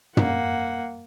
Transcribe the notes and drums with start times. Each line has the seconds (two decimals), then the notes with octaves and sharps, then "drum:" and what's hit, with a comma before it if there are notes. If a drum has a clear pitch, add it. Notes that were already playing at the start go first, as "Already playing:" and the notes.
0.17 A#3 F#5, drum: tom